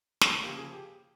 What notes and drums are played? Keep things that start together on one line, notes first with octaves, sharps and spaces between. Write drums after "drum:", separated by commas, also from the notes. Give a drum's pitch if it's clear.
drum: snare
C#3 F3 A#3 G4
G#4
G4